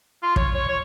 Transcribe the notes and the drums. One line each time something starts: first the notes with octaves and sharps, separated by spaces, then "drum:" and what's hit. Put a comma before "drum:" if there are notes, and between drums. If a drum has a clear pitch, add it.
F4
C#5, drum: kick
C#5
C#5